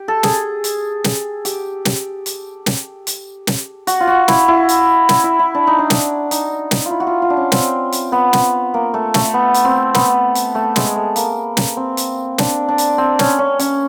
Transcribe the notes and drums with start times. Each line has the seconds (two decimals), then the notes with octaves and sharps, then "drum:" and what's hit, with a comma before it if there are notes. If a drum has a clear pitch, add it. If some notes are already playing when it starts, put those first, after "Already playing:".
Already playing: G4
0.08 A4
0.23 G#4, drum: snare
0.64 drum: hi-hat
1.04 drum: snare
1.45 G4, drum: hi-hat
1.85 drum: snare
2.26 drum: hi-hat
2.66 drum: snare
3.07 drum: hi-hat
3.47 drum: snare
3.87 F#4, drum: hi-hat
4.00 F4
4.07 F#4
4.28 E4, drum: snare
4.48 E4
4.69 drum: hi-hat
5.09 E4, drum: snare
5.24 E4
5.39 E4
5.55 D4
5.67 D#4
5.79 D4
5.90 drum: snare
6.31 D#4, drum: hi-hat
6.71 drum: snare
6.86 F4
6.91 E4
7.00 F#4
7.07 F4
7.22 F4
7.30 D4
7.37 C#4
7.52 C4, drum: snare
7.92 drum: hi-hat
8.12 B3
8.33 drum: snare
8.74 A#3
8.94 A3
9.14 A3, drum: snare
9.34 B3
9.54 drum: hi-hat
9.65 C4
9.94 B3, drum: snare
10.35 drum: hi-hat
10.55 A3
10.76 G#3, drum: snare
10.86 G#3
10.96 A3
11.16 A#3, drum: hi-hat
11.57 drum: snare
11.77 C4
11.97 drum: hi-hat
12.38 D4, drum: snare
12.68 D4
12.78 drum: hi-hat
12.98 C4
13.19 C#4, drum: snare
13.39 C#4
13.59 C#4, drum: hi-hat